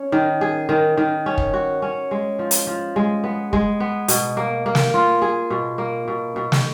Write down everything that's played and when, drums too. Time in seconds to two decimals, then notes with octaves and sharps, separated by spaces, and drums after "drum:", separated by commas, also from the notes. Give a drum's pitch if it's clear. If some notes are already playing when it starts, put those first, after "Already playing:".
Already playing: C#4
0.12 D#3
0.41 G#4
0.69 D#3
0.97 D#3
1.26 C#4
1.38 drum: kick
1.53 F#4
1.82 C#4
2.11 G#3
2.39 F3
2.51 drum: hi-hat
2.67 F3
2.96 G#3
3.24 B3
3.53 G#3, drum: kick
3.80 B3
4.08 B2, drum: hi-hat
4.37 A#3
4.66 A#3
4.75 drum: snare
4.94 F4
5.22 G#4
5.50 B2
5.78 A#3
6.08 B2
6.36 B2
6.52 drum: snare